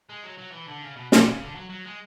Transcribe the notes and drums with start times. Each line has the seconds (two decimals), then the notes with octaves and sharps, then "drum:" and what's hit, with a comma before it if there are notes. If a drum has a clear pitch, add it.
0.09 G#3
0.24 F#3
0.39 F#3
0.53 E3
0.68 D3
0.83 C#3
0.97 B2
1.12 B2, drum: snare
1.27 C#3
1.41 D3
1.55 F#3
1.70 F#3
1.85 G#3